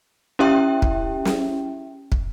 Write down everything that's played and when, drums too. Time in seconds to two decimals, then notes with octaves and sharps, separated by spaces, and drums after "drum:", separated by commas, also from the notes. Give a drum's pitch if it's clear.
0.39 C#4 E4 G4 E5 G5
0.82 drum: kick
1.25 drum: snare
2.12 drum: kick